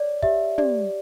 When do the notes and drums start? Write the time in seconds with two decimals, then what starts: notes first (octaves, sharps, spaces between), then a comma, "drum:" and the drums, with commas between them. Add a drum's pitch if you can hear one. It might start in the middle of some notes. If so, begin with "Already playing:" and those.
Already playing: C#5 D5
0.23 G4 E5, drum: kick
0.58 G4 D5, drum: tom